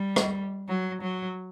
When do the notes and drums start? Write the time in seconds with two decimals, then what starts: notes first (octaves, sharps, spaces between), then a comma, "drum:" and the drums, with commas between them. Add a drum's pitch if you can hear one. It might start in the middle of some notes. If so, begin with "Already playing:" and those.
Already playing: G3
0.16 drum: rim click
0.68 F#3
1.02 F#3